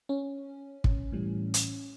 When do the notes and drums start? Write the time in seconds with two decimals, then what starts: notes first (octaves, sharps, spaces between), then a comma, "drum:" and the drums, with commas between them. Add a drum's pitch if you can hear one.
0.09 C#4
0.84 drum: kick
1.12 A2 E3 G3
1.54 drum: hi-hat